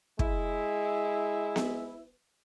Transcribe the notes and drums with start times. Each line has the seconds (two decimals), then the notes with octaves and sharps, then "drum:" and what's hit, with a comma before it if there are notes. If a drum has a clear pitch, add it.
0.19 G#3 E4, drum: kick
1.56 drum: snare B3